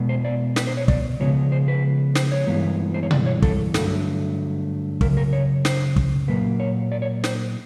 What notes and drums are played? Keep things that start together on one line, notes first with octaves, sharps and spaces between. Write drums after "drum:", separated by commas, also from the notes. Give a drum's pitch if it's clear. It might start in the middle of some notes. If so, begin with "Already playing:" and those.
Already playing: B2 G#3 B3
C5
D5
B4, drum: snare
C5
C#5
D5, drum: kick
C#3 F3 G#3 B3 C#5
C5
B4
C5, drum: snare
C#5
G2 E3 G#3 B3
C5
C#5
D5, drum: tom B2
C#5
A4, drum: kick
G2 D3 F#3 A3 A4, drum: snare
F#2 C#3 A#4, drum: kick
A#4
C#5
C5, drum: snare
drum: kick
A#2 F#3 A#3 B4
C#5
D5
C#5
C5, drum: snare